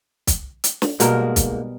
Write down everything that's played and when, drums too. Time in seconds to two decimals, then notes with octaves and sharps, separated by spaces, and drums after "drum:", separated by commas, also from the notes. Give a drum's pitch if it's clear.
0.27 drum: kick, hi-hat
0.64 drum: hi-hat
0.82 drum: snare
1.00 G#2 B2 G3 G#3 A#3 A#4, drum: hi-hat
1.36 drum: kick, hi-hat